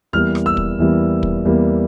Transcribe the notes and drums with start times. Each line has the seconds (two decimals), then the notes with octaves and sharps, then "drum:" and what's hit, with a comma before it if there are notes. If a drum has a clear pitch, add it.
0.13 E2 E3 G3 A#3 F6
0.35 drum: rim click
0.46 E6
0.57 drum: kick
0.78 E2 E3 G3 A#3
1.23 drum: kick
1.45 E2 E3 G3 A#3